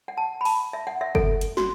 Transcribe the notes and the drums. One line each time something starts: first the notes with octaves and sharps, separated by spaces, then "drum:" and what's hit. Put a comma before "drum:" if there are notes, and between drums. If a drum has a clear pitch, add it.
F#5
A5
B5
A5, drum: open hi-hat
E5
F#5
E5
A4, drum: kick F#1
drum: hi-hat
F#4, drum: snare